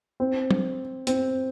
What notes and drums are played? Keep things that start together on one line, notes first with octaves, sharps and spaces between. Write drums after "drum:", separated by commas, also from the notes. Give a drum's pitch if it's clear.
C4
drum: tom F#3
C4, drum: hi-hat